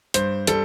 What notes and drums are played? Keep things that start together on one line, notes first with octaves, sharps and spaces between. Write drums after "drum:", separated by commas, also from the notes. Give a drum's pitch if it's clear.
G2 C5, drum: hi-hat
G3 A4, drum: hi-hat